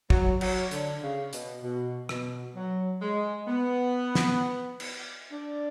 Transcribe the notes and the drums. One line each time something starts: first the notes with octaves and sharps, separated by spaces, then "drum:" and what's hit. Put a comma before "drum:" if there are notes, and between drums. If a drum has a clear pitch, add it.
F#3, drum: kick
F#3, drum: cymbal
D3, drum: hi-hat
C#3
B2, drum: hi-hat
B2
B2, drum: rim click
F#3
G#3
B3
drum: snare
drum: cymbal
D4